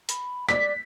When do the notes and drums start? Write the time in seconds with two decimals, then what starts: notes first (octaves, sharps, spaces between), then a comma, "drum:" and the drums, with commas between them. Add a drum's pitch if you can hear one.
0.09 B5, drum: hi-hat
0.49 D5 B6, drum: rim click